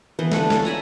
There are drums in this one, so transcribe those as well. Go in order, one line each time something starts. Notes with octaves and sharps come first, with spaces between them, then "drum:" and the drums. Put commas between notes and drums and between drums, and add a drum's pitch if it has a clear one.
E3 B3 C5
D3 A3 B4, drum: snare
C#4 A4, drum: snare
D5 E5 G#5 A#5